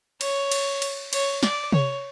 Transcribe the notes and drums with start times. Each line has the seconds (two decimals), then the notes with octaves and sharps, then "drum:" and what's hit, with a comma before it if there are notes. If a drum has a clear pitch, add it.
0.21 C#5, drum: cymbal
0.52 drum: cymbal
0.82 drum: cymbal
1.13 C#5, drum: cymbal
1.43 D5, drum: snare
1.72 C#5, drum: tom C3